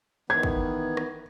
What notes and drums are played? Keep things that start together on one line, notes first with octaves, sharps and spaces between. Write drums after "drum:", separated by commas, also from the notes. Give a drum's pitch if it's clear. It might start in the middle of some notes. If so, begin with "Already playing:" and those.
D#3 E3 B3 G#6
drum: kick
drum: rim click